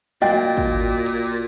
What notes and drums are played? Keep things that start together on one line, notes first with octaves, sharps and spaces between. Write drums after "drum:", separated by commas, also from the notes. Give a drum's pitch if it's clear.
A#2 F#4 D5 D#5 F5 G5, drum: tom F3
drum: kick
drum: hi-hat